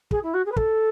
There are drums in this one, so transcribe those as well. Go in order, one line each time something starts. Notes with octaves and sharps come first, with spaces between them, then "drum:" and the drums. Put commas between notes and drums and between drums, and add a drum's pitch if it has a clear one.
G#4, drum: kick
E4
F#4
G#4
B4
A4, drum: kick